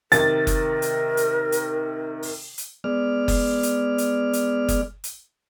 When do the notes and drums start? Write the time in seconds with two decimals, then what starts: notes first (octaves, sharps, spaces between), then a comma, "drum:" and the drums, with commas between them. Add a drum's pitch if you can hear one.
0.12 C3 D#3 A#4 A6, drum: hi-hat
0.47 drum: kick F#1, hi-hat
0.82 drum: hi-hat
1.17 drum: hi-hat
1.52 drum: hi-hat
2.23 drum: open hi-hat
2.58 drum: hi-hat
2.84 G#3 B3 D5 F6
3.28 drum: kick F#1, open hi-hat
3.63 drum: hi-hat
3.98 drum: hi-hat
4.33 drum: hi-hat
4.68 drum: kick F#1, hi-hat
5.04 drum: hi-hat